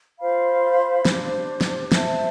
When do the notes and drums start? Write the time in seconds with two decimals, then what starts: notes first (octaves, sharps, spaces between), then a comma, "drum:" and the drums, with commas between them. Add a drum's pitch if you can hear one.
0.19 F4 C5 F5 B5
1.05 D4 G4 C5, drum: snare
1.61 drum: snare
1.92 C5 E5 A5, drum: snare